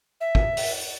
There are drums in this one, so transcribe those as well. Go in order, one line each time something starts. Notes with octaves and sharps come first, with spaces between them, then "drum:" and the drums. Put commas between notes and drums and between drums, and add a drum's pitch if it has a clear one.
E5
drum: kick
drum: open hi-hat